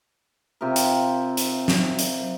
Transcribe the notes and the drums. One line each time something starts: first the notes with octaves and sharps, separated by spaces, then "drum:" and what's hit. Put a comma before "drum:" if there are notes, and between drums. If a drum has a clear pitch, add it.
C3 F4 G4 A#4
drum: hi-hat
drum: hi-hat
drum: snare
drum: hi-hat